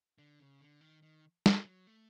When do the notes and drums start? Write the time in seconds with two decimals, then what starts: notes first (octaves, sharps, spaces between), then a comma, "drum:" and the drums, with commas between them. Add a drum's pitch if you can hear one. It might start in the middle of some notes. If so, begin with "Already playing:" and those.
0.18 D3
0.40 C#3
0.61 D3
0.81 D#3
1.02 D#3
1.46 drum: snare
1.65 F#3
1.87 A3